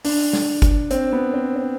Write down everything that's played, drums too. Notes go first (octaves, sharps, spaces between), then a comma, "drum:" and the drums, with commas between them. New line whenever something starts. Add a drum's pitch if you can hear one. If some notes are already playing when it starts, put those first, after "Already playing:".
D4, drum: open hi-hat
drum: snare
drum: kick G1, hi-hat
C4, drum: hi-hat
B3
C4
C4